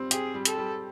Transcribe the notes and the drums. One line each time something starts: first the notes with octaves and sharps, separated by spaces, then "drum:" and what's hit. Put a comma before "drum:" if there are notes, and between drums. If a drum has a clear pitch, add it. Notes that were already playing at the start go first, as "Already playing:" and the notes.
Already playing: G3 C4
G4 G#4, drum: hi-hat
G3
A4, drum: hi-hat
G3